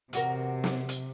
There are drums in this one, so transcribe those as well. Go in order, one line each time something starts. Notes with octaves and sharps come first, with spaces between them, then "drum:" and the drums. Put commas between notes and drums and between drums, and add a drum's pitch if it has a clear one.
E2 C3 F#4 A#4, drum: hi-hat
drum: snare
drum: hi-hat